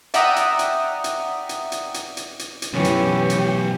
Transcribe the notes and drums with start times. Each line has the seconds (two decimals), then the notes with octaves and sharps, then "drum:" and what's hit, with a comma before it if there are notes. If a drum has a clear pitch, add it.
0.14 D5 E5 F#5 G5 A#5 D#6, drum: hi-hat
0.36 drum: hi-hat
0.59 drum: hi-hat
1.04 drum: hi-hat
1.49 drum: hi-hat
1.72 drum: hi-hat
1.94 drum: hi-hat
2.17 drum: hi-hat
2.39 drum: hi-hat
2.62 drum: hi-hat
2.74 F#2 B2 E3 C#4 G4
2.85 drum: hi-hat
3.30 drum: hi-hat